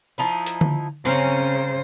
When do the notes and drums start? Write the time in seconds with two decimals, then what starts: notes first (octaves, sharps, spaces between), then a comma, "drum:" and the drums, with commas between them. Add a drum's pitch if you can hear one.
0.18 F3 D#4 E4
0.47 drum: hi-hat
0.61 drum: tom D3
1.05 C#3 C4 C#4 A#4 C5